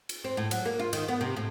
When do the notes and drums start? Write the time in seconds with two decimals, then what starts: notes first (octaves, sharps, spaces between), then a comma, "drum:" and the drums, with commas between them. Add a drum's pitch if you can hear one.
0.09 drum: cymbal
0.24 C4
0.37 A2
0.51 F#3, drum: cymbal
0.65 A#3
0.79 F4
0.93 D#3, drum: cymbal
1.08 B3
1.21 C3
1.37 A2